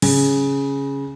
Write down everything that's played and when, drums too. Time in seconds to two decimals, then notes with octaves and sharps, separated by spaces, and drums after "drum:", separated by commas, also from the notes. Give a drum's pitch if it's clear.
0.02 C#3, drum: cymbal